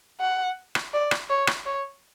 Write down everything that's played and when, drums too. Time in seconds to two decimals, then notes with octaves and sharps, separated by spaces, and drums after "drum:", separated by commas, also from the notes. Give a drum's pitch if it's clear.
0.21 F#5
0.75 drum: rim click
0.93 D5
1.11 drum: rim click
1.29 C#5
1.47 drum: rim click
1.66 C#5